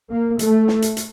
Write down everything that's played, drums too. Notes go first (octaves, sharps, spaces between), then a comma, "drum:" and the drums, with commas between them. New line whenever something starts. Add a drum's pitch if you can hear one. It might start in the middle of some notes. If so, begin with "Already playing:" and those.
A#3
A3, drum: hi-hat
drum: snare
drum: hi-hat
drum: hi-hat